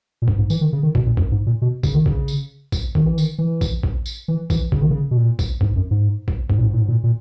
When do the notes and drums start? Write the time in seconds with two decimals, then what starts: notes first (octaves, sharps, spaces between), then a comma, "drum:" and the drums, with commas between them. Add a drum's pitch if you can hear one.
0.22 A#2
0.28 G#2, drum: kick
0.39 G#2
0.50 E3, drum: tambourine
0.61 D#3
0.73 C#3
0.83 D#3
0.95 B2, drum: kick
1.06 A#2
1.17 F#2, drum: kick
1.31 G#2
1.47 A#2
1.62 B2
1.83 C#3, drum: kick, tambourine
1.94 D#3
2.06 C#3, drum: kick
2.28 drum: tambourine
2.72 drum: kick, tambourine
2.95 D#3, drum: kick
3.06 E3
3.18 D#3, drum: tambourine
3.38 E3
3.61 drum: kick, tambourine
3.83 drum: kick
4.06 drum: tambourine
4.28 E3
4.50 E3, drum: kick, tambourine
4.72 C#3, drum: kick
4.82 D#3
4.91 C#3
5.11 B2
5.17 A#2
5.39 drum: kick, tambourine
5.61 G#2, drum: kick
5.76 F#2
5.91 G#2
6.28 drum: kick
6.50 G#2, drum: kick
6.58 A#2
6.66 G#2
6.73 A#2
6.81 G#2
6.88 A#2
7.04 A#2